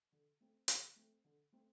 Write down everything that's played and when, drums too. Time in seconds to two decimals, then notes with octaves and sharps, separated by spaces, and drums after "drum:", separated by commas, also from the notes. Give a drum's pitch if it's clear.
0.12 D3
0.40 A3 C4
0.68 D3, drum: hi-hat
0.96 A3 C4
1.25 D3
1.52 A3 C4